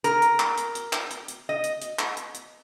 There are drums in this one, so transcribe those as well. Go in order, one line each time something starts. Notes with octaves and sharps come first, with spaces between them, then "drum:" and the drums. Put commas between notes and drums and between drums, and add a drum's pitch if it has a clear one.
A#4, drum: hi-hat
drum: hi-hat
drum: clap
drum: hi-hat
drum: hi-hat
drum: clap
drum: hi-hat
drum: hi-hat
D#5
drum: hi-hat
drum: hi-hat
drum: clap
drum: hi-hat
drum: hi-hat